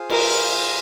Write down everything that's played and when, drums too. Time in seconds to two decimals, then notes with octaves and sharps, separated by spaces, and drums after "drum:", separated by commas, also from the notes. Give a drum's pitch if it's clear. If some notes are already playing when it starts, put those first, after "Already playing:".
Already playing: F4 G#4 C5 F5
0.10 A#4, drum: cymbal